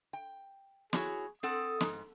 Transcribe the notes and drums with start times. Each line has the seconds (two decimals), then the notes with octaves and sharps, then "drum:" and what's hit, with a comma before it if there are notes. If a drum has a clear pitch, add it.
0.13 G5
0.93 E4 F#4 G#4 C#5, drum: snare
1.43 C4 A4 F#5 D#6
1.81 G#2, drum: snare